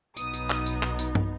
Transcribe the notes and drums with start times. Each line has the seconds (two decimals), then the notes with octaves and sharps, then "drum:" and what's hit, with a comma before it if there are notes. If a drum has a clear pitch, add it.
0.17 B1 B2 B3 D#4 D#6, drum: tambourine
0.34 drum: tambourine
0.50 drum: clap
0.66 drum: tambourine
0.83 drum: clap
0.99 drum: tambourine
1.15 drum: tom